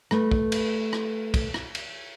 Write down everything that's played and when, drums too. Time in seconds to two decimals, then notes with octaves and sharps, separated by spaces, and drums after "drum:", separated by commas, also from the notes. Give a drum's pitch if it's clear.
0.11 A3 B4, drum: rim click
0.31 drum: kick
0.52 drum: cymbal
0.93 drum: rim click
1.34 drum: kick, cymbal
1.54 drum: rim click
1.75 drum: cymbal